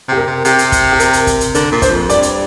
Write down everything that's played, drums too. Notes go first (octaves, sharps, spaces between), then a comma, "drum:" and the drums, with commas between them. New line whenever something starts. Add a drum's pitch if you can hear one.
C3 G4
A#4
C3
C3 G4, drum: hi-hat
drum: hi-hat
drum: kick, hi-hat
G4
A#4, drum: hi-hat
drum: hi-hat
drum: kick, hi-hat
drum: hi-hat
D3 A#4, drum: hi-hat
A#2
C5, drum: kick, hi-hat
F2
G2 D5, drum: hi-hat
drum: hi-hat